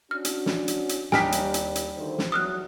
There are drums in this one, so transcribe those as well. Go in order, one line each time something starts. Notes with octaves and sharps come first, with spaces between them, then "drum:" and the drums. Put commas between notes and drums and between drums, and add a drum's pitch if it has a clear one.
C#4 D4 F#4 F6
drum: hi-hat
drum: snare
drum: hi-hat
drum: hi-hat
D#2 G3 D4 D#4 G#5 F6 B6, drum: snare
drum: hi-hat
drum: hi-hat
drum: hi-hat
D2 D#3 C5
drum: snare
E2 F#3 D#6 F6 F#6